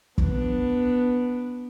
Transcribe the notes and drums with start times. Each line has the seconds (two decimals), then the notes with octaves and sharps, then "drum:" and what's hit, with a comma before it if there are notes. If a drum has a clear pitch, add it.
0.18 B3 D4, drum: kick